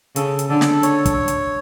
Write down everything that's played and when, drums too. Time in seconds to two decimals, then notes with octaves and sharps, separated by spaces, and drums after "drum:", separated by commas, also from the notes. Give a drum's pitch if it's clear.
0.16 C#3 A4, drum: hi-hat
0.39 drum: hi-hat
0.49 D3 A4
0.61 drum: snare
0.83 C#5, drum: hi-hat
1.06 drum: kick, hi-hat
1.28 drum: hi-hat